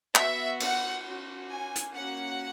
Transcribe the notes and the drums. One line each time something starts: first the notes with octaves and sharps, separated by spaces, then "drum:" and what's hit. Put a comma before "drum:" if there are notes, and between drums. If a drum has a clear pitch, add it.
B3 F#4 E5, drum: clap
F#5, drum: cymbal
C#4 F#4
G#5
drum: hi-hat
A#3 C#4 F#4 F#5